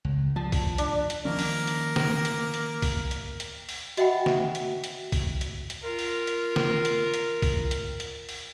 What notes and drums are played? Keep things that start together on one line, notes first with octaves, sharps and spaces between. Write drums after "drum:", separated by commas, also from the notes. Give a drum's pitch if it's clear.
C#2
F3 A5
drum: kick, open hi-hat
D4, drum: hi-hat
drum: hi-hat
D#3 F3 A#3 C#4 A#4
drum: open hi-hat
drum: hi-hat
drum: snare
drum: hi-hat
drum: hi-hat
drum: kick, open hi-hat
drum: hi-hat
drum: hi-hat
drum: open hi-hat
F#4 D#5 E5 F#5 G5 B5, drum: hi-hat
drum: snare
drum: hi-hat
drum: hi-hat
drum: kick, open hi-hat
drum: hi-hat
drum: hi-hat
F4 A#4
drum: open hi-hat
drum: hi-hat
drum: snare
drum: hi-hat
drum: hi-hat
drum: kick, open hi-hat
drum: hi-hat
drum: hi-hat
drum: open hi-hat